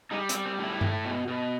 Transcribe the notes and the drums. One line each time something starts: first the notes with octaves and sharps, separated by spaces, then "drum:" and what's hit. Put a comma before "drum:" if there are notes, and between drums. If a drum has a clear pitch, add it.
G3 D#4
C4, drum: hi-hat
G3
C4
A2 E4
A3, drum: tom G2
B2
B2